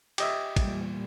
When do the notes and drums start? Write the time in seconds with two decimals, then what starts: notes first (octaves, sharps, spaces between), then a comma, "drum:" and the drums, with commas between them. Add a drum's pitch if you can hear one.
0.18 G4 D#5 E5, drum: cymbal
0.56 E2 A#2 G3, drum: kick, cymbal